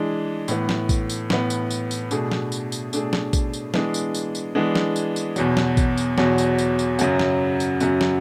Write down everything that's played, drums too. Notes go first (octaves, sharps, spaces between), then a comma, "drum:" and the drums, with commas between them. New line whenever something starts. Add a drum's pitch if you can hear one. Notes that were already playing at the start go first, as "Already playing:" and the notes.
Already playing: E3 G#3 D4 G#4
A2 E3 B3, drum: tambourine
drum: snare
drum: kick, tambourine
drum: tambourine
A2 E3 B3, drum: snare
drum: tambourine
drum: tambourine
drum: tambourine
B2 A3 D4 G#4, drum: tambourine
drum: snare
drum: tambourine
drum: tambourine
B2 A3 D4 G#4, drum: tambourine
drum: snare
drum: kick, tambourine
drum: tambourine
E3 G#3 B3 D4 G#4, drum: snare
drum: tambourine
drum: tambourine
drum: tambourine
E3 G#3 B3 D4 G#4
drum: snare
drum: tambourine
drum: tambourine
E2 B2 F#3, drum: tambourine
drum: snare
drum: kick, tambourine
drum: tambourine
E2 B2 F#3, drum: snare
drum: tambourine
drum: tambourine
drum: tambourine
F#2 C#3 F#3 C#4 F#4, drum: tambourine
drum: snare
drum: tambourine
F#2 C#3 F#3 C#4 F#4, drum: tambourine
drum: snare